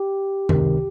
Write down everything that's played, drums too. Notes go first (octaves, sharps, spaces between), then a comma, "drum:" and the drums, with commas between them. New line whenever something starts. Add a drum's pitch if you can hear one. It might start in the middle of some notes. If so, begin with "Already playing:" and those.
Already playing: G4
C#2 C3 D#3, drum: tom F#2